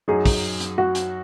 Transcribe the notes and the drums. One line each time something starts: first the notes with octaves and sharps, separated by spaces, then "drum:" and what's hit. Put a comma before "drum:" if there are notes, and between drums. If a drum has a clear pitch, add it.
F#2 F#3 D#4 G#4
drum: kick, open hi-hat
drum: hi-hat
F#4
drum: hi-hat